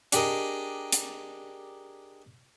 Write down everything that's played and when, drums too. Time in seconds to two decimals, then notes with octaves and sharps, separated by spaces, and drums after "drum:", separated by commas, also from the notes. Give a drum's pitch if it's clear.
0.12 D4 G4 G#4 A#4 D#5, drum: hi-hat
0.92 drum: hi-hat